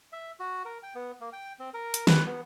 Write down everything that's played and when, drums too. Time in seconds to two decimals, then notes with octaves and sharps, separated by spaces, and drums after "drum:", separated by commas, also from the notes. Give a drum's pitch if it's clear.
0.13 E5
0.40 F#4
0.65 A#4
0.83 G5
0.95 B3
1.20 A#3
1.33 G5
1.59 C4
1.74 A#4
1.94 drum: hi-hat
2.07 B4, drum: snare
2.26 B3